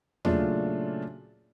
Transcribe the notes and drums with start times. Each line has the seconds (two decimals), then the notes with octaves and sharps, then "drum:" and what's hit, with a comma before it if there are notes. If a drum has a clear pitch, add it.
0.25 A#2 C#3 F#3 A3 D4 F4, drum: tom D#2